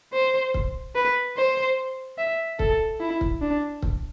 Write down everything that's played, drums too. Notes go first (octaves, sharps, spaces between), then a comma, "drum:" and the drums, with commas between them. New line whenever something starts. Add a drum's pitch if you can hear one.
C5
drum: kick C#1
B4
C5
E5
A4, drum: kick C#1
E4
drum: kick C#1
D4
drum: kick C#1